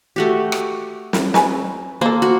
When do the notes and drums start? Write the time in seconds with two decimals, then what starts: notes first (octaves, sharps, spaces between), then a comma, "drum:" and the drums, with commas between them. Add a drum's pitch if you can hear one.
0.16 A3 F#4 G4
0.52 drum: rim click
1.13 drum: snare
1.34 F#3 B4 G#5, drum: snare
2.01 A#3 A4 C5
2.22 F#4